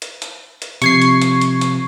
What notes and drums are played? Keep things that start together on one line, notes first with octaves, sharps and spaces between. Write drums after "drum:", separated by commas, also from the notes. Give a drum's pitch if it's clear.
drum: hi-hat
drum: hi-hat
drum: hi-hat
C3 F3 C#6 G#6 C7, drum: hi-hat
drum: hi-hat
drum: hi-hat
drum: hi-hat
drum: hi-hat